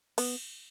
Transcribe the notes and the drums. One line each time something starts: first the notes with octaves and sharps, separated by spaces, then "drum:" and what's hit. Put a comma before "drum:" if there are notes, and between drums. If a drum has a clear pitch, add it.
B3, drum: cymbal